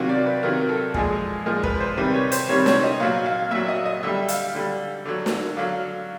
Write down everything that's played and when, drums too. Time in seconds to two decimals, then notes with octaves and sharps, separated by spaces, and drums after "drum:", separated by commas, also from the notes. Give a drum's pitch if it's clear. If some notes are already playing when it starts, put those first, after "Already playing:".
Already playing: C3 D#3 F#3 F5
0.09 D5
0.26 B4
0.43 C3 D#3 F#3 A#4
0.69 A4
0.94 A#2 F3 G#3 G#4, drum: kick
1.46 A#2 F3 G#3 A#4
1.63 B4, drum: kick
1.80 C5
1.97 C3 D#3 G3 B4
2.14 C#5
2.32 C5, drum: hi-hat
2.49 C3 D#3 G3 C#5
2.66 C#5, drum: snare
2.83 D#5
3.00 A#2 F#3 F5
3.26 F5
3.51 A#2 F#3 E5
3.68 D#5
3.85 D#5
4.03 D3 G3 E5
4.28 F5, drum: hi-hat
4.55 D3 G3
5.05 D3 F#3
5.26 drum: snare
5.57 D3 F#3 F5